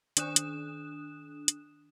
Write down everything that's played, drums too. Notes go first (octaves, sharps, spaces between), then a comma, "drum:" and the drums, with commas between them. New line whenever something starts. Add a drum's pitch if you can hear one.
D#3 D4 D#6 F#6 E7, drum: hi-hat
drum: hi-hat
drum: hi-hat